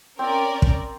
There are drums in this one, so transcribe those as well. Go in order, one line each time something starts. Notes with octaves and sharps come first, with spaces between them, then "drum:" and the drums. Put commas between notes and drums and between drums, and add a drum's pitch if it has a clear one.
C4 C#4 A#4 D5
drum: kick